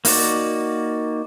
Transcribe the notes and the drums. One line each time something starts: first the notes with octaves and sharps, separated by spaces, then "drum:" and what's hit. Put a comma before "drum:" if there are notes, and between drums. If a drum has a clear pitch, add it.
A#3 D#4 F#4 D5, drum: open hi-hat